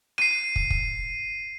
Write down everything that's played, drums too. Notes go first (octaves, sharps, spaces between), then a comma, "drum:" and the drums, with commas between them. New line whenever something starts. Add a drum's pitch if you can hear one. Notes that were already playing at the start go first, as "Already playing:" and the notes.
C7 D#7, drum: rim click
drum: kick
drum: kick